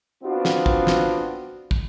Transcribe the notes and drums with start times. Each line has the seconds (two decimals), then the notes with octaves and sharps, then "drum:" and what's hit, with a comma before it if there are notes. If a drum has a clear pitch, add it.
0.24 B3 C4 D4 F4 F#4
0.45 drum: snare
0.66 drum: kick
0.87 drum: snare
1.71 drum: kick